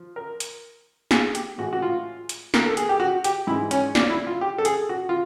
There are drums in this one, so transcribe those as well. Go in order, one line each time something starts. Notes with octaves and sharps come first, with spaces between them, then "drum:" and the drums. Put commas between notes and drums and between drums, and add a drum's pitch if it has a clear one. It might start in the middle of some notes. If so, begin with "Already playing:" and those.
Already playing: F3
A#4
drum: hi-hat
G#4, drum: snare
G4, drum: hi-hat
A2 E3 G#3 F#4
F#4
F4
drum: hi-hat
A#4, drum: snare
A4
G#4, drum: hi-hat
G4
F#4
G4, drum: hi-hat
G#2 E3 G#3 E4
C#4, drum: hi-hat
D4, drum: snare
E4
F4
G4
A4
G#4, drum: hi-hat
F#4
F4